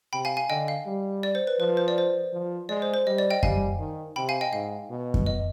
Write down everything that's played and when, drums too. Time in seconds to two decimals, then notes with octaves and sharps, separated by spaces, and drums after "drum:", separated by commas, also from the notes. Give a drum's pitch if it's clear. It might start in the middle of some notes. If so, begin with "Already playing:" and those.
0.13 C3 G5 B5
0.25 F5 G#5
0.37 F5 G#5
0.49 D3 D#5 G5
0.68 F5
0.86 G3
1.23 D5
1.35 C5
1.47 B4
1.60 F3 B4
1.77 C5
1.88 D5
1.98 C5
2.33 F3
2.69 G#3 D5
2.82 C5
2.94 C5
3.06 G3 D#5
3.18 D5
3.31 D#5 G5
3.43 G3 F5 G#5, drum: kick F#2
3.79 D#3
4.16 C3 G5 B5
4.29 F5 G#5
4.41 D#5 G5
4.52 G#2 F5
4.90 B2
5.14 drum: kick F#2
5.26 D#5